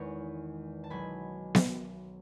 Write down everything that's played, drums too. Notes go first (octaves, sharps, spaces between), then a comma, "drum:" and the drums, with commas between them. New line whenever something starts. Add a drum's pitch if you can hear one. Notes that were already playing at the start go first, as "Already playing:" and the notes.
Already playing: E2 D#3 G#3 B4 C#5
A5
B1 B2 F#3 G#5 B5
drum: snare B3